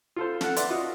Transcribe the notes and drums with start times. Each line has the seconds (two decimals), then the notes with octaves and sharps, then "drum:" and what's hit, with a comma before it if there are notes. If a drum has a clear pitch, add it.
0.16 F4 A4 C5
0.41 A4 F#5, drum: snare
0.56 B4 D5 E5 F#5 C6, drum: hi-hat
0.70 F4 F#4 D#5